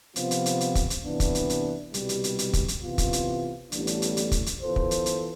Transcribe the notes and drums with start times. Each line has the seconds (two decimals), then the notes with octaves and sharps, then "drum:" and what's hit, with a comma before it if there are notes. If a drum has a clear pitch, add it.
0.16 C3 F3 B3 F4, drum: hi-hat
0.31 drum: hi-hat
0.46 drum: hi-hat
0.61 drum: hi-hat
0.75 drum: kick, hi-hat
0.90 drum: hi-hat
1.05 C3 E3 B3 D4
1.20 drum: kick, hi-hat
1.35 drum: hi-hat
1.50 drum: hi-hat
1.94 C2 B2 G3, drum: hi-hat
2.09 drum: hi-hat
2.24 drum: hi-hat
2.39 drum: hi-hat
2.53 drum: kick, hi-hat
2.68 drum: hi-hat
2.83 C3 E3 B3 F4
2.98 drum: kick, hi-hat
3.13 drum: hi-hat
3.72 A1 A2 G3 B3 D4, drum: hi-hat
3.87 drum: hi-hat
4.02 drum: hi-hat
4.17 drum: hi-hat
4.32 drum: kick, hi-hat
4.46 drum: hi-hat
4.61 E3 B3 F4 A4 C5
4.76 drum: kick
4.91 drum: hi-hat
5.06 drum: hi-hat